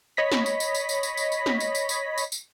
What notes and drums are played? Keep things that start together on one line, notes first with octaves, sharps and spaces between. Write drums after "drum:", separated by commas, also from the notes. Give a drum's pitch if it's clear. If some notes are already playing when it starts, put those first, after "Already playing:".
C#5 D#5 B5 A#6 B6
drum: snare
drum: tambourine
drum: tambourine
drum: tambourine
drum: tambourine
drum: tambourine
drum: tambourine
drum: tambourine
drum: snare
drum: tambourine
drum: tambourine
drum: tambourine
drum: tambourine
drum: tambourine